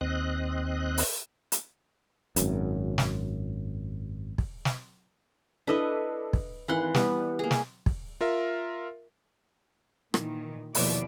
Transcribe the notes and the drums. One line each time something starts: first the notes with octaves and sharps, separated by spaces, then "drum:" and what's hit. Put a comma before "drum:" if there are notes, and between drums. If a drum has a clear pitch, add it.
D#2 C4 D#5 F#6
drum: open hi-hat
drum: hi-hat
G#1 F#2, drum: hi-hat
drum: snare
drum: kick
drum: snare
D4 E4 A4 B4 D#5 E5
drum: kick
G#1 D#3 E3 F#5 C6 F#6
G3 B3, drum: snare
A#3 G#4
drum: snare
drum: kick
F4 A#4 E5
A#2 D#3 E3, drum: rim click
D#2 B2 F3 E4 D5, drum: open hi-hat